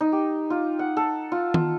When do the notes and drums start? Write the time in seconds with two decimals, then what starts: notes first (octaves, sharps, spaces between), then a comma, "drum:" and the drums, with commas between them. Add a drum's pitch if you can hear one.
0.01 D#4
0.12 G4
0.50 F4
0.79 F#5
0.97 A4
1.32 F4
1.54 F4, drum: tom D#3